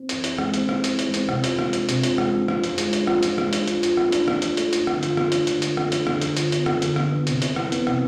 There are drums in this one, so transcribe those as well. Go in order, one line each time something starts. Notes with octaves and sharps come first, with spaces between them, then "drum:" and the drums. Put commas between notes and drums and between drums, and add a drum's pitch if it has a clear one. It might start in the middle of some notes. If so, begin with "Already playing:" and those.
Already playing: C4
E3, drum: hi-hat
E4, drum: hi-hat
G#3, drum: rim click
C4, drum: hi-hat
E3, drum: rim click
E4, drum: hi-hat
G#3, drum: hi-hat
C4, drum: hi-hat
C3, drum: rim click
F4, drum: hi-hat
G#3, drum: rim click
D4, drum: hi-hat
C3, drum: hi-hat
F4, drum: hi-hat
G#3, drum: rim click
D4
F3, drum: rim click
F4, drum: hi-hat
G#3, drum: hi-hat
D4, drum: hi-hat
F3, drum: rim click
F4, drum: hi-hat
G#3, drum: rim click
D4, drum: hi-hat
F3, drum: hi-hat
F4, drum: hi-hat
A3, drum: rim click
D4, drum: hi-hat
F3, drum: rim click
F4, drum: hi-hat
A3, drum: hi-hat
D4, drum: hi-hat
D3, drum: rim click
F4, drum: hi-hat
A3, drum: rim click
D4, drum: hi-hat
D3, drum: hi-hat
F4, drum: hi-hat
A3, drum: rim click
D4, drum: hi-hat
D3, drum: rim click
D3, drum: hi-hat
F3, drum: hi-hat
B3, drum: hi-hat
D3, drum: rim click
D3, drum: hi-hat
F3, drum: rim click
B3
C3, drum: hi-hat
E4, drum: hi-hat
E3, drum: rim click
B3, drum: hi-hat
C3, drum: rim click